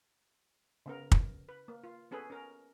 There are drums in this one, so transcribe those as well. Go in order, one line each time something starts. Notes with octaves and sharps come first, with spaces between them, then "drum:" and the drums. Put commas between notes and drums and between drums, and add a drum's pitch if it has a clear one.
C#3 B3 A#4
drum: kick
B4
A#3
F4
B3 C#4 G#4 A4 B4
C#4 A#4